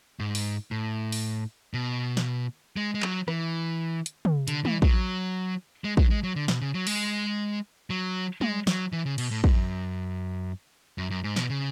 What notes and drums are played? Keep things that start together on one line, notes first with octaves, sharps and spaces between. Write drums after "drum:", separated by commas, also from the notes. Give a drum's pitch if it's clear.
G#2
drum: open hi-hat
A2
drum: open hi-hat
B2
drum: snare
G#3
G#3
F#3, drum: clap
E3, drum: rim click
drum: hi-hat
drum: tom
D3, drum: hi-hat
E3, drum: tom
F#3, drum: kick
G#3
F#3, drum: kick
G#3
F#3
D3
B2, drum: snare
C#3
F#3
G#3, drum: open hi-hat
F#3
G#3, drum: tom
F#3, drum: snare
E3
C#3
B2, drum: cymbal
A2
F#2, drum: kick
F#2
F#2
G#2
B2, drum: snare
C#3